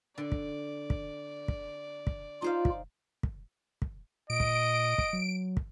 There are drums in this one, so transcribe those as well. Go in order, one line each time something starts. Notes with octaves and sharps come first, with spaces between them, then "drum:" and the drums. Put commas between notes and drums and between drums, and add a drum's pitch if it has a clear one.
D3 D5
drum: kick
drum: kick
drum: kick
drum: kick
D#4 F4 C5 F5
drum: kick
drum: kick
drum: kick
A#2 D#5 D7
drum: kick
drum: kick
F#3
drum: kick